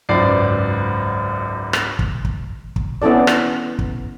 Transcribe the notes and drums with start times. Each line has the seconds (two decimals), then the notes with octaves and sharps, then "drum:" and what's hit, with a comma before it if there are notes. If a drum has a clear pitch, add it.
0.09 G#1 C#2 F#2 B4 D5 C7
1.73 drum: rim click
1.99 drum: kick
2.25 drum: kick
2.76 drum: kick
3.02 B3 C#4 E4 A4 D5
3.27 drum: rim click
3.79 drum: kick